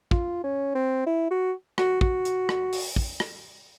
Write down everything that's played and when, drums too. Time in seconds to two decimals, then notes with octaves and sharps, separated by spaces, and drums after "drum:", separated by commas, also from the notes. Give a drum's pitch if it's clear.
0.11 F4, drum: kick
0.44 C#4
0.75 C4
1.06 E4
1.31 F#4
1.78 F#4, drum: rim click
2.01 F#4, drum: kick
2.25 drum: hi-hat
2.49 drum: rim click
2.73 drum: open hi-hat
2.96 drum: kick
3.20 drum: rim click